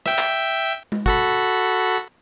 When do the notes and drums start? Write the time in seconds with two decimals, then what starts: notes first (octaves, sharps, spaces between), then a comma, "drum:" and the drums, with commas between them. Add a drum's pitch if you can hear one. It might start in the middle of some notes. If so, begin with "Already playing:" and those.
0.06 E5 G5, drum: rim click
0.18 drum: clap
0.92 drum: tom G#3
1.06 F#4 A4 B5, drum: kick